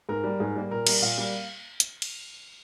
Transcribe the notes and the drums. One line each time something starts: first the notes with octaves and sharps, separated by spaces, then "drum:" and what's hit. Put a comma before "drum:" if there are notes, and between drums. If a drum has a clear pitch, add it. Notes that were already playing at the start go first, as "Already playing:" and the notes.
G#2 A#4
G3 A#3
G#2
G3 A#3
A#2 A#4
G3 A#3, drum: cymbal
A#2 F5
G3 A#3
drum: hi-hat
drum: cymbal